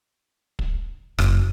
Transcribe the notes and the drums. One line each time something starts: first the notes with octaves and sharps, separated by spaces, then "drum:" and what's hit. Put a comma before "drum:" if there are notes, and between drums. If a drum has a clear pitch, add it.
drum: kick
F#1, drum: rim click